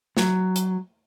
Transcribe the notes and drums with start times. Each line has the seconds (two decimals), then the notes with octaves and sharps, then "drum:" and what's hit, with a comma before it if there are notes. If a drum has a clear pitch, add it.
0.17 F#3, drum: snare
0.56 drum: hi-hat